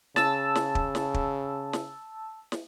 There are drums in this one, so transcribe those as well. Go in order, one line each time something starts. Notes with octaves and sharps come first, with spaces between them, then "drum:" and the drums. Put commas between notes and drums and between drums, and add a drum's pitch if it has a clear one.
C#3 A5 E6, drum: snare
drum: snare
drum: kick
drum: snare
drum: kick
drum: snare
drum: snare